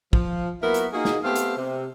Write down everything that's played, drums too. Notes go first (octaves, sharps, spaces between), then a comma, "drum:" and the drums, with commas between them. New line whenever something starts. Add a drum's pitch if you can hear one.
F3, drum: kick
F#3 A#3 B3 E4 F#4 A#4
drum: hi-hat
A#3 D#4 F4 F#4 G#4
drum: snare
A3 B3 C4 G4 C5 F5
drum: hi-hat
C3